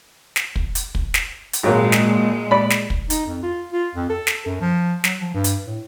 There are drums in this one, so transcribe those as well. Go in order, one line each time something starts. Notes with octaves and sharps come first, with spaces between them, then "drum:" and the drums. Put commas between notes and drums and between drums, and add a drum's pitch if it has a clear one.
drum: snare
drum: kick
drum: hi-hat
drum: kick
drum: snare
drum: hi-hat
G#1 A#2 F#3 G#3 A#3
drum: snare
D5 B5
drum: snare
drum: kick
D#4, drum: hi-hat
F2
F4
F4
F2
A4
drum: snare
F#2
F3
F#3, drum: snare
F3
G2
drum: hi-hat
A2